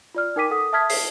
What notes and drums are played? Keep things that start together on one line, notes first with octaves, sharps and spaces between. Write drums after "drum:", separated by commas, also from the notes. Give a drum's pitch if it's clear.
F4 D5 F6
D#4 A#4 G5 D6 B6 D#7
A4 F#5 D#6
E5 A5 D#6 F6 G#6 B6
C7, drum: open hi-hat